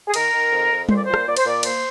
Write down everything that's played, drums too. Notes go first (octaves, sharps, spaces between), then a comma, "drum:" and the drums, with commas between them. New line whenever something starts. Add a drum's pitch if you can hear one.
G#4
D#3 A#4, drum: cymbal
D#3
F2
F2
A#2 C5, drum: tom G3
D5
A#2 C5
drum: rim click
A#2 D5
C5, drum: cymbal
A#2 D5
A#3 C5, drum: cymbal